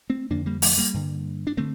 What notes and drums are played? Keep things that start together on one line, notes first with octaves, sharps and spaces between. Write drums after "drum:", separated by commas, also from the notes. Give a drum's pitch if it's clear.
A3 C4
F2 D3 A#3 D4
G3 A#3
F3 A3, drum: open hi-hat
G3 A#3
G2 D3
D4
D3 A3 C4